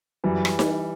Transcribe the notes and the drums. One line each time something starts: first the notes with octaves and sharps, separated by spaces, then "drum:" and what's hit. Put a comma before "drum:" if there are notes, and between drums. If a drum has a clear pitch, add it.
F#2 E3 G3
drum: rim click
drum: snare D#4